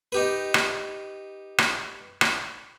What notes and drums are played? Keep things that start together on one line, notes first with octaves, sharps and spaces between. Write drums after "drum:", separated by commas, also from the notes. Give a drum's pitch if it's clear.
D#4 G4 B4
drum: rim click
drum: rim click
drum: rim click